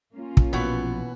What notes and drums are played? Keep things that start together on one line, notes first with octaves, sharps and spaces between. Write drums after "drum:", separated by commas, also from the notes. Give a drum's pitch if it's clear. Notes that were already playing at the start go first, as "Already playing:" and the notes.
A#3 C#4 F4
drum: kick
A#1 B2 E3 F3 B3 F#4